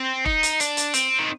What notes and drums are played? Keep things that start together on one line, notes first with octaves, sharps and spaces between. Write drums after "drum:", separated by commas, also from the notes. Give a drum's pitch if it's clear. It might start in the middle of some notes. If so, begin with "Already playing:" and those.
Already playing: C4
D#4, drum: kick E1
drum: hi-hat
D4, drum: hi-hat
drum: hi-hat
C4, drum: hi-hat
D#3